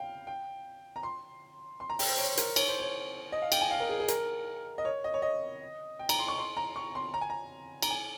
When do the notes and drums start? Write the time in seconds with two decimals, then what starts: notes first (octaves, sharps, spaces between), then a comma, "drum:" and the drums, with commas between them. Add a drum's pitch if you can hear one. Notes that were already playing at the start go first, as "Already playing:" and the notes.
Already playing: F5 G5
0.27 G5
0.96 A#5
1.03 C6
1.80 C6
1.90 A#5
1.99 G5, drum: open hi-hat
2.09 C5
2.18 C#5
2.37 A#4, drum: hi-hat
2.56 C#5, drum: cymbal
2.68 C5
2.80 C#5
3.32 D#5
3.42 F5
3.52 G5, drum: cymbal
3.62 G#5
3.71 F5
3.80 A#4
3.89 G#4
4.00 G#4
4.08 A#4, drum: hi-hat
4.78 D#5
4.85 C#5
5.04 D#5
5.14 C#5
5.22 D#5
5.99 G5
6.09 A#5, drum: cymbal
6.19 C6
6.28 C#6
6.38 C6
6.57 A#5
6.76 C#6
6.95 C6
7.14 A#5
7.21 G#5
7.30 A#5
7.82 A#5, drum: cymbal
7.90 G#5